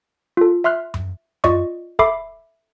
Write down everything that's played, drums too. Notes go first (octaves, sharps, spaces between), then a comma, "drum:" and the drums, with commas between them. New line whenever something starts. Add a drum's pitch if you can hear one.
F4 A4
E5 C6 F6 F#6
drum: tom F#2
F4 D5 D#5 C#6, drum: tom F#2
A4 E5 B5 D6 C7, drum: kick